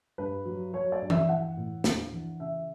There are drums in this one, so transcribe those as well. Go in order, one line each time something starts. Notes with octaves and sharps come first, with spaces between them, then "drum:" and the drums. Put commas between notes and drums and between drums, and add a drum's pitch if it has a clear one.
G2 B4
F#3
F#3 C#5
D5
G2
E5, drum: tom E3
E3 F#5
A2
D4, drum: snare
E3
C#3 E5